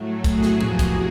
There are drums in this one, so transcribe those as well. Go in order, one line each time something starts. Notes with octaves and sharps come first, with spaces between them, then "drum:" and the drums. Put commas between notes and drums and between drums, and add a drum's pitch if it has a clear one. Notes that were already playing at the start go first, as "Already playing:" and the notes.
Already playing: A2 F#3 A3
F#4 G#4, drum: kick, hi-hat
drum: snare
E2 C3 F3 A#3 F#4 G#4, drum: tom A2
drum: kick, hi-hat